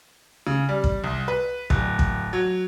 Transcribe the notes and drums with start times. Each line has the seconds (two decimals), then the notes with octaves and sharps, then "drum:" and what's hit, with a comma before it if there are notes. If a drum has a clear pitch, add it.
0.47 C#3
0.69 G3
0.84 drum: kick
1.04 C2
1.28 B4
1.70 D1, drum: kick
1.99 drum: kick
2.33 F#3